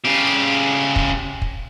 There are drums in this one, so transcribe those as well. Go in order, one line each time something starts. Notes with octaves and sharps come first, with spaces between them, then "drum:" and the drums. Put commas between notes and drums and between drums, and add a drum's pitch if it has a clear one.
C#3 G4
drum: kick
drum: kick